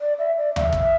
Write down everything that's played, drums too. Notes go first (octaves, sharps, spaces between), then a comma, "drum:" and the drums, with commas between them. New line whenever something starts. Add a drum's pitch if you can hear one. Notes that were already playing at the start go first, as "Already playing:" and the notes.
D5
E5
D5
F5, drum: tom D#2
E5
drum: kick